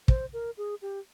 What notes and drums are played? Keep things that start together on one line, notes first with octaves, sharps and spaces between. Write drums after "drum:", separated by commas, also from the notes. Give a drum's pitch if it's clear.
C5, drum: kick
A#4
G#4
G4